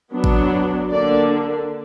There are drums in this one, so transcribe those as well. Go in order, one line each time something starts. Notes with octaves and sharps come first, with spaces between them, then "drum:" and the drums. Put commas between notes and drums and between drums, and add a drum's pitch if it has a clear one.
F#3 B3 D4
drum: kick G#1
D3 A#3 D4 D5